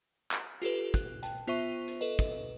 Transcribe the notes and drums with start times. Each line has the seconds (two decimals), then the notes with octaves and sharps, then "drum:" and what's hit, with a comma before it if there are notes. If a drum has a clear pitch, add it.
0.31 drum: clap
0.62 F4 G4 A4 B4, drum: hi-hat
0.94 F#6, drum: kick, hi-hat
1.23 G5 A5, drum: hi-hat
1.47 B3 F4 C5 E5 C#6 D#7
1.88 drum: hi-hat
2.01 A4 B4 D#5
2.19 drum: kick, hi-hat